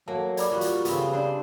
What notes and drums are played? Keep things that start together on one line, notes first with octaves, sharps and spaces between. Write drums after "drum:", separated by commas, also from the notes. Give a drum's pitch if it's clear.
F#3 A#3 A5
D5 B5 D6, drum: hi-hat
G3 F4 F#4
drum: hi-hat
C#3 B3 C4 B5, drum: hi-hat
D4 C5